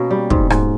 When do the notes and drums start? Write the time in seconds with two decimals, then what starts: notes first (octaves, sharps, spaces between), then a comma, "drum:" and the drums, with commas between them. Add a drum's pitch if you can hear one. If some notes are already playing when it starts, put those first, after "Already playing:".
Already playing: B2 A#3 C#4
0.10 G3
0.30 G#2, drum: kick
0.50 G#2, drum: rim click